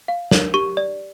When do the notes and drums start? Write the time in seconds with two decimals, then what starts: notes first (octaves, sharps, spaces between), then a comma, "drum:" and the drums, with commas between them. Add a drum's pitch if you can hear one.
0.08 F5
0.31 A#4, drum: snare
0.54 G4 C#6
0.77 D5